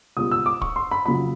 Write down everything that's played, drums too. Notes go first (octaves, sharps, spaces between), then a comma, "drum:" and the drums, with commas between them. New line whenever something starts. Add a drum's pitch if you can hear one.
C#2 B2 G3 D#6
E6
D6
C#6, drum: kick
C6
B5
F2 C#3 F#3 B5